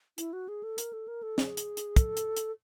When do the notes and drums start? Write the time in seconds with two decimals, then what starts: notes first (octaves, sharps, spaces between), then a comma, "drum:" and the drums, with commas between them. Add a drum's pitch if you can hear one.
0.18 E4, drum: hi-hat
0.33 F#4
0.48 G#4
0.63 A4
0.78 A#4, drum: hi-hat
0.93 A4
1.08 A#4
1.23 A4
1.38 G#4, drum: snare
1.57 drum: hi-hat
1.77 drum: hi-hat
1.96 A4, drum: kick, hi-hat
2.17 drum: hi-hat
2.37 drum: hi-hat